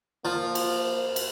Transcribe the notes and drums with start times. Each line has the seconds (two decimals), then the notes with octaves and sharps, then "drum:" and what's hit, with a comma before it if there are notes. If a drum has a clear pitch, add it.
0.25 F3 A#3
0.55 drum: cymbal
1.16 drum: cymbal